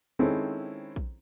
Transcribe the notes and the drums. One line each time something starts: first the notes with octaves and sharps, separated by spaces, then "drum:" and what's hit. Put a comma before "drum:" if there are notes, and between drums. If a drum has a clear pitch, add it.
D#3 G#3 C4 C#4 E4 A4
drum: kick A#1